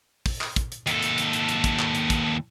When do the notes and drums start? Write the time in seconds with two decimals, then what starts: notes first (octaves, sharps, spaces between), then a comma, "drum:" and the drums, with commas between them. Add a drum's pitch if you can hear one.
0.26 drum: kick, open hi-hat
0.41 drum: clap
0.56 drum: kick, hi-hat
0.72 drum: hi-hat
0.87 D#2 A4, drum: hi-hat
1.02 drum: hi-hat
1.18 drum: hi-hat
1.33 drum: hi-hat
1.49 drum: hi-hat
1.64 drum: kick, hi-hat
1.79 drum: clap
1.95 drum: hi-hat
2.10 drum: kick, hi-hat